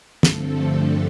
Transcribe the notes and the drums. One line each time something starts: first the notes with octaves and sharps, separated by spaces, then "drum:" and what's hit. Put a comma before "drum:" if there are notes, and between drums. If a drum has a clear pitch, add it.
G2 D3 F3 A3 C4 A4, drum: snare